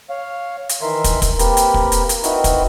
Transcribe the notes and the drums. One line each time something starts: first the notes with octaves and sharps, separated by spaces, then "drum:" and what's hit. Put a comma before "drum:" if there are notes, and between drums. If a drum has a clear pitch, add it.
C#5 F5
drum: hi-hat
D#3 E3 A#4 E5 C6
drum: kick, hi-hat
drum: kick, hi-hat
A#3 C4 G4 A#4 B4, drum: hi-hat
drum: hi-hat
drum: kick
drum: hi-hat
drum: hi-hat
C4 D#4 E4 F#4 A#4 B4, drum: hi-hat
drum: kick, hi-hat